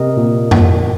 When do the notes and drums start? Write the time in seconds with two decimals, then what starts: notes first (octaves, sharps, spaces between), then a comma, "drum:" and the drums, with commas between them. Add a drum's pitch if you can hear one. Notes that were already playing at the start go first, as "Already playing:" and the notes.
Already playing: C3 A#4 D#5
0.17 A#2
0.51 A#2, drum: tom F2